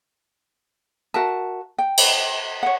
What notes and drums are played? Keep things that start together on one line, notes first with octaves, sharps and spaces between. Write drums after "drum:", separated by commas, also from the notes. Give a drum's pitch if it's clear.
F#4 A#4 E5 A5
G5
drum: cymbal
C#5 F#5